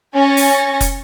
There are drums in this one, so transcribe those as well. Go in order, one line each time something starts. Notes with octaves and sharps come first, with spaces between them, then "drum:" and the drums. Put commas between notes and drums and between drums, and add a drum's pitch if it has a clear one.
C#4 G#5 C#6 A6 A#6
drum: open hi-hat
drum: kick F1, hi-hat